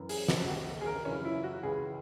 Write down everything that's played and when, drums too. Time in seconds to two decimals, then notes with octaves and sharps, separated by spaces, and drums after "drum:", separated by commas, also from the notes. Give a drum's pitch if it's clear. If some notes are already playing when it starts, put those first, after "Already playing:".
Already playing: F#2 E3
0.09 G#4, drum: open hi-hat
0.28 F#4, drum: snare
0.48 D#2 D#3 F#4
0.81 G#4
0.86 A#4
1.05 F#2 C#3 E3 C#4
1.25 E4
1.44 F#4
1.63 C#2 C#3 E3 G#4